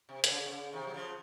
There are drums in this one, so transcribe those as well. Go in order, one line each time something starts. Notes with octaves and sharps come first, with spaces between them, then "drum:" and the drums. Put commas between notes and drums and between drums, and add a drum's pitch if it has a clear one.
C3
C3, drum: hi-hat
C#3
C3
C#3
C3 D#3
F#3
C#3 F3